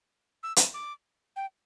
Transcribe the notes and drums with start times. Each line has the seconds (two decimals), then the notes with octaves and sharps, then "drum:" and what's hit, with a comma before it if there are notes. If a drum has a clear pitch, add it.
0.43 E6
0.56 drum: hi-hat
0.74 D6
1.36 G5